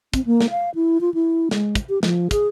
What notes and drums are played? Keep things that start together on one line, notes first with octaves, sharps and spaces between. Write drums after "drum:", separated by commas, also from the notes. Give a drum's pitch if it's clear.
C4, drum: kick, hi-hat
A#3
drum: snare
F5
E4
F4
E4
G#3, drum: snare
drum: kick, hi-hat
G4
F3, drum: snare
G#4, drum: kick, hi-hat